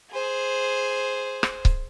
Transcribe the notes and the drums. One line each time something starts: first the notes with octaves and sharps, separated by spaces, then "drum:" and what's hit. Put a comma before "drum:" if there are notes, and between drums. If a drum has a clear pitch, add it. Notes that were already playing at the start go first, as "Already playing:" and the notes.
G#4 C5
drum: rim click
drum: kick C#1